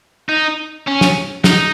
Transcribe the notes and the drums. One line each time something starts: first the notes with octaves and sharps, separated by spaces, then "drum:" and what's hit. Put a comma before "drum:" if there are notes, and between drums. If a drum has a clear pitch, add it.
D#4
C#4
drum: snare
D#4, drum: snare